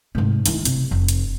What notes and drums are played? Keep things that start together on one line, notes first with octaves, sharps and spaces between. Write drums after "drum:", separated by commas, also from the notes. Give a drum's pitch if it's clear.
G#2 C3
D#3 E4, drum: hi-hat
C3, drum: hi-hat
F1
drum: hi-hat